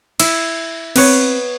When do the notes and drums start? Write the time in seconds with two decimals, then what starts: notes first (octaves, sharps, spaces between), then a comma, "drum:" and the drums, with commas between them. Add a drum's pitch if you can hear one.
0.20 E4, drum: cymbal
0.96 B3 C4 B4 C#5, drum: cymbal